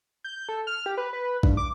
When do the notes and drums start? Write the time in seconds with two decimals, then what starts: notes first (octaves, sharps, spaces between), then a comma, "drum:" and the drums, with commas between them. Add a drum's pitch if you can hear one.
0.24 G6
0.49 A4
0.67 F6
0.86 G4
0.97 B4
1.13 B4
1.43 G2, drum: kick A1
1.57 D6